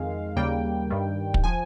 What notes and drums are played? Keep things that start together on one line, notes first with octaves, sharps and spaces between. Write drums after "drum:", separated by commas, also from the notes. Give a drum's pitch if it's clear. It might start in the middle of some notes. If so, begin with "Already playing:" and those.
Already playing: F2 D#3 G#3 F5
D#2 C#3 G3 A#3 G5
G2 D#3 G3
drum: kick
F3 G#5